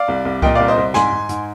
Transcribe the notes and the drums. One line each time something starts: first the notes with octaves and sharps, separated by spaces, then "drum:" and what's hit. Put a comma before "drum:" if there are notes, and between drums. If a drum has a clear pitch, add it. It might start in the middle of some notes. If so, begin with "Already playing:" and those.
Already playing: D5 F5
C2
C2
A#2 D#5 G5, drum: kick C2
C2 D5 F5
C5 D#5
C2
G#2 G#5 C6, drum: snare
G#2
G#2, drum: hi-hat